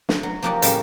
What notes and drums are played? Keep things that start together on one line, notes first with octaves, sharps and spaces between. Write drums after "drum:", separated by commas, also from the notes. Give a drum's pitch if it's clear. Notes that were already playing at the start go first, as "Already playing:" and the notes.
drum: snare
F#3
F3 A#3 D#4 F#4 G4 D5
A2 C#3 G3 C#4 G4 A5, drum: hi-hat